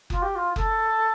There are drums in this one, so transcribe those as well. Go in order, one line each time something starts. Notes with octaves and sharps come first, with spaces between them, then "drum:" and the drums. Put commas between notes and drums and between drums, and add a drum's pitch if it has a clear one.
F4, drum: kick F#1
G4
F4
A4, drum: kick F#1